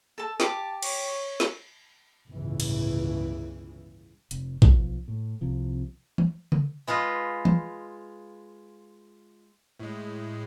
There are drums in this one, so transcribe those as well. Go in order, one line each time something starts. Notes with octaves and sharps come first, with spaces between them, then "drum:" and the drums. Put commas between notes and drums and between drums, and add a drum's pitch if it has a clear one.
A4 A5
G4 A5 D6, drum: snare
C#5, drum: cymbal
drum: snare
G1 C#2 A2 C#3 E3
drum: cymbal
F1, drum: hi-hat
B1 F3, drum: kick A1
A2
C2 C3 F3
drum: tom
drum: tom C#3
G#3 F4 B4 D#5
drum: tom
A2 G#3